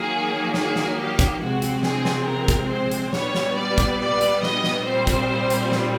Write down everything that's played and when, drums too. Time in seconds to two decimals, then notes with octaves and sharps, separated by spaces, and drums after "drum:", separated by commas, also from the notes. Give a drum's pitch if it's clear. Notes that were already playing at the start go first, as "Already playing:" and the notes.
Already playing: D#3 F#3 A#3 G#4
0.54 G#4, drum: snare
0.76 drum: snare
0.98 G4
1.19 drum: kick, hi-hat
1.41 C3 F3 G#3 C4 F#4
1.62 drum: hi-hat
1.83 G#4, drum: snare
2.05 drum: snare
2.27 A#4
2.48 drum: kick, hi-hat
2.69 C5
2.91 drum: hi-hat
3.13 A#2 G3 B3 C#5, drum: snare
3.35 drum: snare
3.57 D5
3.78 drum: kick, hi-hat
3.99 D5
4.21 drum: hi-hat
4.43 D#5, drum: snare
4.64 drum: snare
4.85 A#2 G3 C4 C5
5.07 drum: kick, hi-hat
5.50 drum: hi-hat
5.72 drum: snare